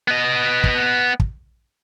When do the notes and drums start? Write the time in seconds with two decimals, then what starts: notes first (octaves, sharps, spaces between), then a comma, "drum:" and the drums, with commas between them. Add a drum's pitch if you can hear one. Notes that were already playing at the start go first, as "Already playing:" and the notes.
0.08 B3 D#5
0.64 drum: kick
1.20 drum: kick